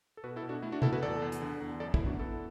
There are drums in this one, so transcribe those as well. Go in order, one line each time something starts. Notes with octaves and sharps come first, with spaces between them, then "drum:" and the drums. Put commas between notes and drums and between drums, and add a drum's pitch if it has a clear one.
A4
B2 F#4 B4
E4 A4
B2
D4 F#4
A3 E4
D4 F#4
B2 E4 A4, drum: tom C3
F#4 B4
E2 A4 D5
E2
drum: hi-hat
D3
E2
F#2 A4 D5
E4, drum: kick
B3
D4 F#4
B3 E4 A4